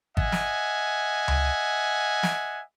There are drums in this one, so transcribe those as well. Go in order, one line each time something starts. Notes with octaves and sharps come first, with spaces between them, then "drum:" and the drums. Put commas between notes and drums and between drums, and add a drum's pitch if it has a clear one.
D#5 E5 F#5 G#5, drum: kick G#1
drum: snare
drum: tom C#2
drum: snare